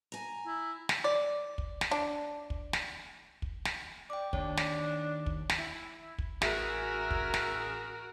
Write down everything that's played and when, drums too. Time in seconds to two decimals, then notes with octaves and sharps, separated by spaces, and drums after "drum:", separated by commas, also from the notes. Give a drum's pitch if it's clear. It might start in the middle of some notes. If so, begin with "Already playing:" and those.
0.12 G#5 A#5
0.47 E4
0.89 drum: snare
1.04 D5
1.58 drum: kick
1.81 drum: snare
1.91 D4
2.50 drum: kick
2.73 drum: snare
3.42 drum: kick
3.65 drum: snare
4.10 D5 G5 D6
4.33 D#2 D4 C#5, drum: kick
4.57 drum: snare
5.26 drum: kick
5.49 drum: snare
5.58 E4
6.19 drum: kick
6.42 A1 F#4 G#4 A#4 E5, drum: snare
7.11 drum: kick
7.34 drum: snare